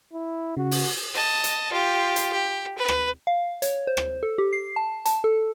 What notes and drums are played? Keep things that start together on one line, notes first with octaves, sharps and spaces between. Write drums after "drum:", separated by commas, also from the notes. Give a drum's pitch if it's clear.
E4
C#3 F#4
drum: open hi-hat
D#5 A5
drum: hi-hat
F4 G4
drum: hi-hat
G4
B4
drum: rim click
F5
C#5, drum: hi-hat
C5
drum: rim click
A4
G4
C7
A5
A5, drum: hi-hat
A4